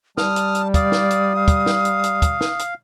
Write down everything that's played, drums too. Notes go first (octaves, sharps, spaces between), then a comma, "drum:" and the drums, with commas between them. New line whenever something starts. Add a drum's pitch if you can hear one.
G3 A5 D#6 F6, drum: snare
drum: hi-hat
drum: hi-hat
D5 F5 D#6, drum: kick, hi-hat
drum: snare
drum: hi-hat
F5
drum: kick, hi-hat
drum: snare
drum: hi-hat
drum: hi-hat
drum: kick, hi-hat
drum: snare
drum: hi-hat